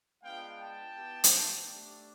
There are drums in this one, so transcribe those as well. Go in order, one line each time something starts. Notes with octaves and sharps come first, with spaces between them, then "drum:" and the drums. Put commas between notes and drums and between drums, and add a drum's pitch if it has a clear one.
G#3 B3 D4 F4 F5 G5
G5 A5
B3 E4 G4
drum: hi-hat
A3 D4 G4